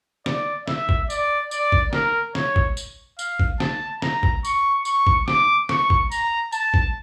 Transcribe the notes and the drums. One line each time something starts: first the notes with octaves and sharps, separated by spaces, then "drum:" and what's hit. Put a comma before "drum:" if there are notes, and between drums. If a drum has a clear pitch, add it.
D5, drum: snare
E5, drum: snare
drum: kick G#1
D5, drum: tambourine
D5, drum: tambourine
drum: kick G#1
A#4, drum: snare
C#5, drum: snare
drum: kick G#1
drum: tambourine
F5, drum: tambourine
drum: kick G#1
A5, drum: snare
A#5, drum: snare
drum: kick G#1
C#6, drum: tambourine
C#6, drum: tambourine
drum: kick G#1
D6, drum: snare
C#6, drum: snare
drum: kick G#1
A#5, drum: tambourine
A5, drum: tambourine
drum: kick G#1